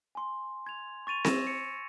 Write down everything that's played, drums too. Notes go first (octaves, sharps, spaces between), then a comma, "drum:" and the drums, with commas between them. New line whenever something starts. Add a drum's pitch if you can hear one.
G#5 C6
G#6 F7
C#6 A6 D#7 F7
E6 G#6 A#6 E7, drum: snare C4
C#7